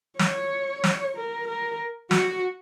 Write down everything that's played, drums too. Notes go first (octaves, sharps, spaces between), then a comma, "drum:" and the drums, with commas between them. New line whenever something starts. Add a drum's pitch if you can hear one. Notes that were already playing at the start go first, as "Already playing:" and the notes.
C#5, drum: snare
drum: snare
A#4
A#4
F#4, drum: snare